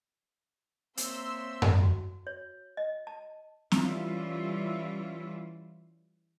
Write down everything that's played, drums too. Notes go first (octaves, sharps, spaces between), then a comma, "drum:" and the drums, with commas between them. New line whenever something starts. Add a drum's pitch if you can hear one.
A#3 C4 C#5 E5 C6 E6, drum: hi-hat
drum: tom F#2
F#4
C#5
D#5
A5
E3 G3 C#4 E4 F4 E5, drum: snare